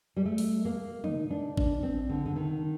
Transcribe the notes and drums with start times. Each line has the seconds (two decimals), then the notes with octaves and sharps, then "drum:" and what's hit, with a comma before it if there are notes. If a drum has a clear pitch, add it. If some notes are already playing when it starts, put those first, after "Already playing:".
0.16 G3
0.25 A3
0.38 drum: open hi-hat
0.65 A#3
1.04 D#4, drum: tom
1.31 D4
1.57 D4, drum: kick
1.83 C4
2.09 D3
2.26 D3
2.36 D#3